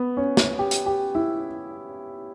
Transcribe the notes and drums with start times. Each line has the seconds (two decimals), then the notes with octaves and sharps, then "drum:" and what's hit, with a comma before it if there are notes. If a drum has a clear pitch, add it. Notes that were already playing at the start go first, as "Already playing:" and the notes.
Already playing: B3
0.17 C#4
0.37 drum: snare
0.59 G4
0.71 drum: hi-hat
0.86 G4
1.15 E4